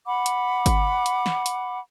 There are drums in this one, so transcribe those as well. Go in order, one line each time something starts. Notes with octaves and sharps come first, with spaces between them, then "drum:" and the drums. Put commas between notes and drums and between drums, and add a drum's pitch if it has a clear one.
F#5 B5 D6
drum: hi-hat
drum: kick G1, hi-hat
drum: hi-hat
drum: snare
drum: hi-hat